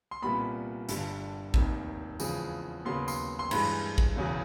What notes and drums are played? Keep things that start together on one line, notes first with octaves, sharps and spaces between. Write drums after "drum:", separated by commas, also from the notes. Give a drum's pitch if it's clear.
C6
C2 A#2 G3 B3 B5
G1 G2 D3 G3, drum: hi-hat
F1 D#2 D#3, drum: kick A1
E2 C#3 F3 G#3, drum: tambourine
D#2 C#3 F#3 B3 C6
C6, drum: tambourine
C6
G2 E3 G#3 B5, drum: cymbal
drum: kick A1
E1 E2 C#3 F#3